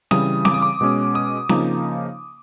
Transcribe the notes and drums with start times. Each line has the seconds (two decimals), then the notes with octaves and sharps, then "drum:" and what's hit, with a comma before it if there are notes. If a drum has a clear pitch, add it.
0.11 C#3 E3 G3 D#6, drum: snare C4
0.45 D6, drum: snare C4
0.54 D#6
0.62 D6
0.81 B2 G#3 C#4
1.15 D#6
1.49 C#3 F3 A#3 D#4, drum: snare C4